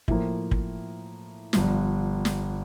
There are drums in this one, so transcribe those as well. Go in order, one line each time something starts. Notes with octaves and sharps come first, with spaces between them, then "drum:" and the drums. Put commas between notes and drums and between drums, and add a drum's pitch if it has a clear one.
A2 F3 A#3, drum: kick
drum: kick
G1 G2 F3, drum: snare
drum: snare